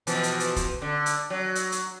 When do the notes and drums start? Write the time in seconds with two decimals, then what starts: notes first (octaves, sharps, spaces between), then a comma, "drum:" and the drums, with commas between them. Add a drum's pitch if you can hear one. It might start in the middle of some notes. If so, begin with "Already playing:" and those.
0.07 B2 E3 F3, drum: hi-hat
0.23 drum: hi-hat
0.40 drum: hi-hat
0.56 drum: kick, hi-hat
0.82 D3
1.06 drum: hi-hat
1.30 F#3
1.55 drum: hi-hat
1.72 drum: hi-hat